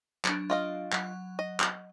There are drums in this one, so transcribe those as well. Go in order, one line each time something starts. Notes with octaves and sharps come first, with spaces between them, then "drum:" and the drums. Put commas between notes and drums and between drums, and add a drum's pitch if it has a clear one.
F#3 D4, drum: clap
F4 D#5 F5
F#3 F#5, drum: clap
D#5
drum: clap